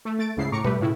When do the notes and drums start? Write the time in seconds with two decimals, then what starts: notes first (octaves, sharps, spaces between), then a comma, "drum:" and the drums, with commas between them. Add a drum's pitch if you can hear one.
0.05 A3
0.19 A3 A6 D7
0.37 C#2 G#2 C#3 E4 C7
0.52 A2 A#5 C#6 D6 C#7
0.64 G3 A3 G4 B4, drum: tom B2
0.80 A2 C#3 E4